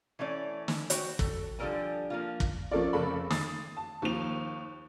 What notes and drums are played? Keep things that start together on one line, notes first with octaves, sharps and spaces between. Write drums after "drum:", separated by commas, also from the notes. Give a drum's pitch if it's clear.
E3 A3 C#4 D5
drum: snare
F#4 C5 G5, drum: hi-hat
A4, drum: kick
D3 F3 G3 A4 A#4 G#5
F3 A#3 F4
drum: kick
F3 C#4 F4 A4 A#4 D5
F1 C#3 A4 A#4 B5
D#6 A6 C7, drum: snare
A5
D#2 D#3 F3 F7